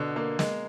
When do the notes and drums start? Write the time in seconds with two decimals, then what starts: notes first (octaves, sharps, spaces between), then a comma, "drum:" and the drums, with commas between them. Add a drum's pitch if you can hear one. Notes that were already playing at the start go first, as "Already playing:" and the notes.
Already playing: B2 D3
0.16 A#3
0.39 G#3, drum: snare